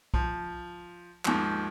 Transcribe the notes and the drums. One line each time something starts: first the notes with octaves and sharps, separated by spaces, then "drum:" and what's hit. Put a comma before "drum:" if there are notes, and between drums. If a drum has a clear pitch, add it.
F3, drum: kick
D#2 G#2 F3, drum: clap